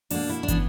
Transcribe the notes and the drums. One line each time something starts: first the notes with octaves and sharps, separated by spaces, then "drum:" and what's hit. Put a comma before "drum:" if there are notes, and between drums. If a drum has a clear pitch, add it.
B2 A#3 D4, drum: open hi-hat
E4
D4
C#3 E3 B3, drum: kick, hi-hat